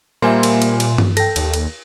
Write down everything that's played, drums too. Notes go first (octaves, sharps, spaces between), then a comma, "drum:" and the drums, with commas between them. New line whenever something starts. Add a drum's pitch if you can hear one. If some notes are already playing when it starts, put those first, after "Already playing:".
A#2 G3 A#3 C5 E5 G#5 C6
drum: cymbal
drum: cymbal
drum: cymbal
drum: tom G2
A4 G5 A#6, drum: cymbal
D#2, drum: cymbal
drum: cymbal